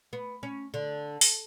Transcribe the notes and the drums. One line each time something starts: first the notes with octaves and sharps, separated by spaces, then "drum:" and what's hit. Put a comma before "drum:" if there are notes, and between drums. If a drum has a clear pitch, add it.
B3
C#4
D3
drum: open hi-hat